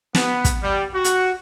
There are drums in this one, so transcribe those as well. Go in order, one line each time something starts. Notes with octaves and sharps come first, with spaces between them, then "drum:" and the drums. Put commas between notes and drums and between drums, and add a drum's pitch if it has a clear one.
B3, drum: snare
drum: kick, hi-hat
G3
F#4
drum: hi-hat